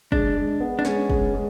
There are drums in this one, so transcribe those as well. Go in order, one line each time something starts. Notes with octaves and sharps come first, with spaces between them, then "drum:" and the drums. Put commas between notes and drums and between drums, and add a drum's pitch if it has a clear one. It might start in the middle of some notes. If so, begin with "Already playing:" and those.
G#3 D4, drum: kick
G#3
B3
D4
G#3 C#4, drum: snare
G#3, drum: kick
G#3